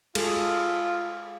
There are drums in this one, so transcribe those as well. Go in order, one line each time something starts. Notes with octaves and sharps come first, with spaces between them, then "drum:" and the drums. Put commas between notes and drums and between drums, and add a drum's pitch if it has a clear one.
G#3 F4 G#4 A4, drum: cymbal